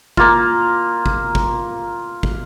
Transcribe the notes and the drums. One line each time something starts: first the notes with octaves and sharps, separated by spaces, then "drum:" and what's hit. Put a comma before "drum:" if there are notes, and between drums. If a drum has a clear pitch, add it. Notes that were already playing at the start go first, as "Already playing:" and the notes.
A#3 F4, drum: kick
drum: kick
drum: kick
drum: kick